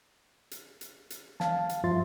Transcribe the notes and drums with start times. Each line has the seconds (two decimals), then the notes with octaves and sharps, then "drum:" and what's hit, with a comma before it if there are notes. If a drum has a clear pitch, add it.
0.51 drum: hi-hat
0.81 drum: hi-hat
1.10 drum: hi-hat
1.40 F5 A5, drum: snare
1.69 drum: hi-hat
1.84 G2 F3 F4 E5 C6 A6